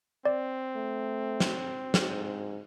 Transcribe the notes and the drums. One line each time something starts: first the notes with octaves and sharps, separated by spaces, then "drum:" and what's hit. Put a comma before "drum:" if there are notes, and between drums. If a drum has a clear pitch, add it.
C4 D5
A3
drum: snare
G#2, drum: snare